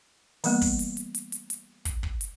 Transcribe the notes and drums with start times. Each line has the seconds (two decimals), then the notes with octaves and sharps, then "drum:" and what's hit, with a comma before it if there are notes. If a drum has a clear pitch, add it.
0.44 E3 G3 A#3 B3, drum: open hi-hat
0.61 drum: kick, open hi-hat
0.79 drum: hi-hat
0.97 drum: hi-hat
1.15 drum: hi-hat
1.32 drum: hi-hat
1.50 drum: hi-hat
1.85 drum: kick, hi-hat
2.03 drum: kick
2.21 drum: hi-hat